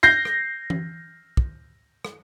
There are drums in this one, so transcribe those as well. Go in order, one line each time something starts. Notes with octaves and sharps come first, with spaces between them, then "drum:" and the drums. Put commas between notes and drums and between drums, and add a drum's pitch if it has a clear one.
G6 A#6 C7
drum: rim click
drum: tom E3
drum: kick
drum: rim click